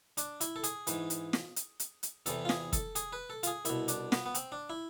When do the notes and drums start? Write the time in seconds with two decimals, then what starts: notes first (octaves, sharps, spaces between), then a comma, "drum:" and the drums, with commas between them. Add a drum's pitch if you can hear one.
0.17 D4, drum: hi-hat
0.41 E4, drum: hi-hat
0.56 A4
0.64 G#4, drum: hi-hat
0.87 G#2 E3, drum: hi-hat
1.10 drum: hi-hat
1.33 drum: snare
1.56 drum: hi-hat
1.80 drum: hi-hat
2.03 drum: hi-hat
2.26 E2 C3 E3 A4, drum: hi-hat
2.45 F4
2.49 G#4, drum: snare
2.73 A4, drum: kick, hi-hat
2.95 G#4, drum: hi-hat
3.13 B4
3.30 A4
3.43 F4, drum: hi-hat
3.47 G#4
3.65 C2 B2 E4, drum: hi-hat
3.88 D4, drum: hi-hat
4.12 B3, drum: snare
4.26 B3
4.35 C4, drum: hi-hat
4.52 D4
4.70 E4